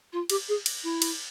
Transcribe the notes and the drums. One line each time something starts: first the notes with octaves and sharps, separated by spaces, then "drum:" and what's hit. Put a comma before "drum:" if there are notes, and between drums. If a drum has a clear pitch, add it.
F4
G4, drum: cymbal
G#4
drum: cymbal
E4
drum: cymbal